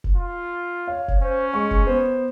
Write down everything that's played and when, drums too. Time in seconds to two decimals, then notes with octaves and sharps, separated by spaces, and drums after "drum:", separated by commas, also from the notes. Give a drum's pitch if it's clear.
0.04 drum: kick F1
0.16 F4
0.87 C#5 F5
1.08 drum: kick F1
1.22 C#4 C5
1.54 G#3 C#6
1.71 drum: kick F1
1.87 B3 C5